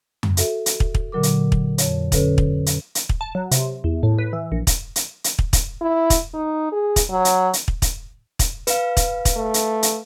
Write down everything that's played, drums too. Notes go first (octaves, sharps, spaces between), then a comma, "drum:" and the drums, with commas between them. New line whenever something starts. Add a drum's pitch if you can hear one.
drum: tom F2
F#4 A4 E5, drum: hi-hat
drum: hi-hat
drum: kick
drum: kick
A#2 D3 F#3 A#4 D6
drum: hi-hat
drum: kick
F2 C#5, drum: hi-hat
D3 C#4 A4 B4 C#5, drum: kick, hi-hat
drum: kick
drum: hi-hat
drum: hi-hat
drum: kick
A5
F#3
C3, drum: hi-hat
E2
A2
B4
E3
A#1
drum: kick, hi-hat
drum: hi-hat
drum: hi-hat
drum: kick
drum: kick, hi-hat
E4
drum: kick, hi-hat
D#4
G#4
drum: kick, hi-hat
F#3
drum: hi-hat
drum: hi-hat
drum: kick
drum: kick, hi-hat
drum: kick, hi-hat
B4 F5, drum: hi-hat
drum: kick, hi-hat
drum: kick, hi-hat
A3
drum: hi-hat
drum: hi-hat